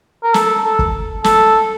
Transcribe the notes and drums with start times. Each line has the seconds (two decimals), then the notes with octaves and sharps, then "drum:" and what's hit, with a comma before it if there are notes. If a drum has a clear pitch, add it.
0.23 A#4
0.34 A4, drum: snare
0.63 A4
0.79 drum: kick F#1
1.24 A4, drum: snare